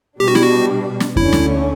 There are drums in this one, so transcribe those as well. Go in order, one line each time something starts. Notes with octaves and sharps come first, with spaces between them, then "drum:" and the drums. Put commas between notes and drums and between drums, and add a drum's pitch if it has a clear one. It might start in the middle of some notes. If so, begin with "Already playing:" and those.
B2 G3 D4 G4
F#4
E4, drum: snare
F#4
drum: snare
D2 D3 A3 C#4 E4, drum: kick F2
drum: snare